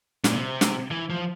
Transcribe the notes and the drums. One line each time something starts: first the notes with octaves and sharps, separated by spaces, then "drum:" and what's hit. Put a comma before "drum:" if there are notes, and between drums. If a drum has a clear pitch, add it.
A#2, drum: snare
C3
drum: snare
E3
F3